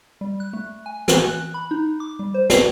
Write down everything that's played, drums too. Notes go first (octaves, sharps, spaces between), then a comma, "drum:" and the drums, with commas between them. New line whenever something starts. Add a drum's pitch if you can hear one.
G3
F#6
A3
G#5
E3, drum: snare
F#6
B5
D#4
D6
G3
C5
C7, drum: snare